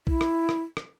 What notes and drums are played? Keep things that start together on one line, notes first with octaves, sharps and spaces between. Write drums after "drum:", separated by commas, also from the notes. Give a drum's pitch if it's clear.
E4, drum: kick
drum: rim click
drum: rim click
drum: rim click